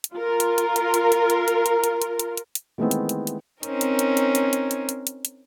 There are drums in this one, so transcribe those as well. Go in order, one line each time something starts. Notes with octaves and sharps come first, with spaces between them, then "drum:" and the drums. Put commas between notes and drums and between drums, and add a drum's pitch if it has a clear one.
drum: hi-hat
F4 A#4
drum: hi-hat
drum: hi-hat
drum: hi-hat
drum: hi-hat
drum: hi-hat
drum: hi-hat
drum: hi-hat
drum: hi-hat
drum: hi-hat
drum: hi-hat
drum: hi-hat
drum: hi-hat
drum: hi-hat
D#3 E3 G#3 A3 B3 C4
drum: hi-hat
drum: hi-hat
drum: hi-hat
C4 C#4 D#4 A#4, drum: hi-hat
drum: hi-hat
drum: hi-hat
drum: hi-hat
drum: hi-hat
drum: hi-hat
drum: hi-hat
drum: hi-hat
drum: hi-hat
drum: hi-hat